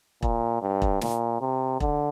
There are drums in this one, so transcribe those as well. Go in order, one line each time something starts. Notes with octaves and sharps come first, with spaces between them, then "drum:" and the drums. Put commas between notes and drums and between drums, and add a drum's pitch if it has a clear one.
A#2, drum: kick E1
G2
drum: kick E1
A#2, drum: snare
C3
D3, drum: kick E1